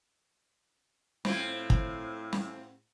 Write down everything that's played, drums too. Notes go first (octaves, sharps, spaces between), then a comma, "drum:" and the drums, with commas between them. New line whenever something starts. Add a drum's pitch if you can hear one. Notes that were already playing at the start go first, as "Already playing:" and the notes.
A2 C4 E4 F4, drum: snare
drum: kick
drum: snare